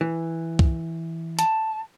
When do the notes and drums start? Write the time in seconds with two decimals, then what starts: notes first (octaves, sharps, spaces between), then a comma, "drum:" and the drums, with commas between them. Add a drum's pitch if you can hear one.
0.01 E3
0.59 drum: kick C2
1.39 A5, drum: hi-hat